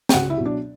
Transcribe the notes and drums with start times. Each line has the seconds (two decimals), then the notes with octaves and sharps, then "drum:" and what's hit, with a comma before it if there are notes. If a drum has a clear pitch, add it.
0.09 G5, drum: snare
0.14 C#2 F#4 F#5
0.30 E4 E5
0.37 B2 F#3
0.45 D4 D5